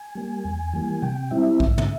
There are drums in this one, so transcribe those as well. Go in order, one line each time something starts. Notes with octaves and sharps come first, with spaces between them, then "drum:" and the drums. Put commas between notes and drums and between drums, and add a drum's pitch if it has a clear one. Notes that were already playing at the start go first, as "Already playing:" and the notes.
Already playing: G#5
G3 A#3
E2
E3 G3 A#3
C3 G5
G3 C4 E4 E5
G#2, drum: kick
drum: tom